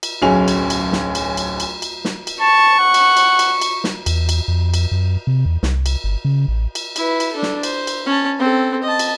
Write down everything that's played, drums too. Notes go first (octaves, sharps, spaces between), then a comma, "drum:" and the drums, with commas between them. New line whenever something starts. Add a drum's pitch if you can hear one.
drum: cymbal
D1 B1 F#3 C#4 G#4 F7
drum: cymbal
drum: cymbal
drum: snare
drum: cymbal
drum: cymbal
drum: cymbal
drum: cymbal
drum: snare
drum: cymbal
A5 C#6
F#5
drum: cymbal
drum: cymbal
drum: cymbal
drum: cymbal
drum: snare
E2, drum: cymbal
drum: cymbal
F2
drum: cymbal
F#2
C3
E2
C2, drum: snare
drum: cymbal
G1
C#3
A1
drum: cymbal
E4 B4, drum: cymbal
drum: cymbal
D4 A4
drum: snare
C5, drum: cymbal
drum: cymbal
C#4 A5
C4 A4
D#5 A5
drum: cymbal